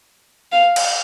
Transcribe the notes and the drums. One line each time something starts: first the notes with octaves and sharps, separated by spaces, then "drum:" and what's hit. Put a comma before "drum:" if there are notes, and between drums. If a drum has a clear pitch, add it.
F5
drum: cymbal